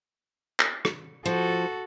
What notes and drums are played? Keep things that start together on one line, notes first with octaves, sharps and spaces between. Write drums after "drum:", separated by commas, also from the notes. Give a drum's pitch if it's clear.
drum: clap
drum: rim click
F3 F#4 A4